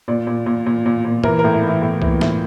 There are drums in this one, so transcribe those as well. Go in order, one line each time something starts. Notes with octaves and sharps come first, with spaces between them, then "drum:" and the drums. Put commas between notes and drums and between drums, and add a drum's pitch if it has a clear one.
A#2 D5
A#2
A#2
A#2
A#2
A#2
E3 A#4, drum: tom
A#4
A2
E4
E3
E4
A2
E3, drum: kick C2
A2, drum: snare